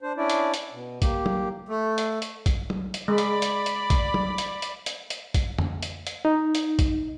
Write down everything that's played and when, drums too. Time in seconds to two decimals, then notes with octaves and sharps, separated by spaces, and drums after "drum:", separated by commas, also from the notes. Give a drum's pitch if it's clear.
0.02 D4 C5
0.17 C#4 D4 E4 D5
0.30 drum: hi-hat
0.54 drum: hi-hat
0.73 B2
1.02 A#3 G4, drum: kick, hi-hat
1.26 drum: tom
1.69 A3
1.98 drum: hi-hat
2.22 drum: hi-hat
2.46 drum: kick, hi-hat
2.70 drum: tom
2.94 drum: hi-hat
3.08 G#3 D5 B5
3.18 drum: hi-hat
3.42 drum: hi-hat
3.66 drum: hi-hat
3.90 drum: kick, hi-hat
4.14 drum: tom
4.38 drum: hi-hat
4.62 drum: hi-hat
4.86 drum: hi-hat
5.10 drum: hi-hat
5.34 drum: kick, hi-hat
5.58 drum: tom F2
5.83 drum: hi-hat
6.07 drum: hi-hat
6.25 D#4
6.55 drum: hi-hat
6.79 drum: kick, hi-hat